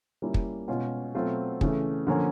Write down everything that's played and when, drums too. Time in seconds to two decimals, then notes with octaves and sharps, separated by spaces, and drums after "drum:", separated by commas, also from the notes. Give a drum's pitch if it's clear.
0.22 G3 A#3 C#4 E4
0.34 drum: kick
0.67 B2 G#3 C#4 F4
1.15 B2 F#3 A3 C4 F4
1.61 C#3 E3 A3, drum: kick
2.07 D3 F3 A#3 C#4